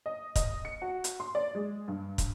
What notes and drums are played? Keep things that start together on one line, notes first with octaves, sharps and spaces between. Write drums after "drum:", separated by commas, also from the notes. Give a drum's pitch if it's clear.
D#5
D#5, drum: kick, hi-hat
C#7
F#4
drum: hi-hat
C6
D5
G#3
G2
drum: kick, hi-hat